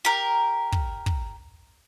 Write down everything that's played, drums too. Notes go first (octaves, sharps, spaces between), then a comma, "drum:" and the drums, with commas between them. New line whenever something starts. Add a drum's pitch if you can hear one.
G4 A#4
drum: kick
drum: kick